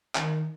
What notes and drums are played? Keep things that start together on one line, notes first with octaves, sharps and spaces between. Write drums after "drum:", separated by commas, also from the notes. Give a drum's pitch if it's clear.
D#3, drum: clap